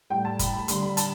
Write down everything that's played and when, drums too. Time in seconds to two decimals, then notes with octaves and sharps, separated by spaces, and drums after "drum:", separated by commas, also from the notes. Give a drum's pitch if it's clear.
0.10 A2 G3 G5
0.25 A5
0.39 B5, drum: kick, hi-hat
0.54 B5
0.68 D3 G3 C6, drum: hi-hat
0.83 B5
0.97 A5, drum: hi-hat